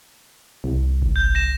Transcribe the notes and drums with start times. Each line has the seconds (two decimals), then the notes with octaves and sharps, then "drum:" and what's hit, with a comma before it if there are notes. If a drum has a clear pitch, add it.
0.64 C2
1.02 drum: kick G1
1.16 G6
1.35 A#6 E7